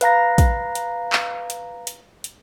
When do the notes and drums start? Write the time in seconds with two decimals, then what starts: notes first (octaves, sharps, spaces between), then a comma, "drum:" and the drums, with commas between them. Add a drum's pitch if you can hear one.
0.01 B4 F5 A#5 A#6, drum: hi-hat
0.38 drum: kick, hi-hat
0.75 drum: hi-hat
1.13 drum: clap
1.50 drum: hi-hat
1.87 drum: hi-hat
2.24 drum: hi-hat